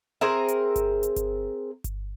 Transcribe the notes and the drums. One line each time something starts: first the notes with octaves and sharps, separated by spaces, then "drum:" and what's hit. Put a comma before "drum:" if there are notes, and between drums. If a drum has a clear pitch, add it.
C4 G#4 A#4 E5
drum: hi-hat
drum: kick G1, hi-hat
drum: hi-hat
drum: kick G1, hi-hat
drum: kick G1, hi-hat